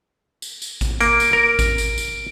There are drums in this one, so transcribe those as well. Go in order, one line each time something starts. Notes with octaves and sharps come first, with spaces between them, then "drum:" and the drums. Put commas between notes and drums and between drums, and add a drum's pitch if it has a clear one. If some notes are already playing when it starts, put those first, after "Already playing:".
drum: tambourine
drum: tambourine
drum: kick A1, tambourine
A#3 D7, drum: tambourine
drum: tambourine
A#4
drum: kick A1, tambourine
drum: tambourine
drum: tambourine